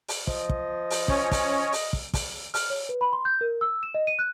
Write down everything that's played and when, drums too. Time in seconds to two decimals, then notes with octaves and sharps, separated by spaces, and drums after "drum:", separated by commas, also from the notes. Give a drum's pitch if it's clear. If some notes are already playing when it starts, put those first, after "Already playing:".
0.08 drum: open hi-hat
0.27 F3 D#5, drum: kick
0.49 drum: kick
0.90 drum: open hi-hat
1.08 C#4 C#5, drum: kick
1.32 drum: kick, open hi-hat
1.73 drum: open hi-hat
1.93 drum: kick
2.14 drum: kick, open hi-hat
2.54 F6, drum: open hi-hat
2.70 C#5
2.89 B4
3.01 B5
3.13 C6
3.25 G6
3.41 A#4
3.61 E6
3.83 E7
3.94 D#5
4.07 D#7
4.19 F#6